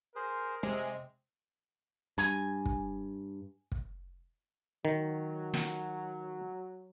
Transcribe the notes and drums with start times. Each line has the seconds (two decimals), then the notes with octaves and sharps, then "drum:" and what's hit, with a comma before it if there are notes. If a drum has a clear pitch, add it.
0.16 G#4 A#4 C5
0.63 C3 G#3 C4
2.18 G2 G#5, drum: hi-hat
2.65 drum: kick
3.72 drum: kick
4.85 D#3 F#3
5.53 drum: snare